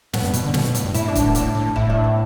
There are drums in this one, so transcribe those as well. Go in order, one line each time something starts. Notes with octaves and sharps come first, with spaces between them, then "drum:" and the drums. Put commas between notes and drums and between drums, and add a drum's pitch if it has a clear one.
A2 B3, drum: snare
G2
B2, drum: hi-hat
D3
B2, drum: snare
B2
A2, drum: hi-hat
G2
A2 E4, drum: hi-hat
D4
A2, drum: kick, hi-hat
B3
A2 D4, drum: hi-hat
A2
A2 E4, drum: kick
D4
B3